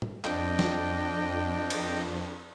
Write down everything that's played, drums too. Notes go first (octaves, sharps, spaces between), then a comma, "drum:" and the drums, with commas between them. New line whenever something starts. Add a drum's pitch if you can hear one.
drum: tom A2
F2 D4 D#5 G5, drum: clap
drum: snare
drum: cymbal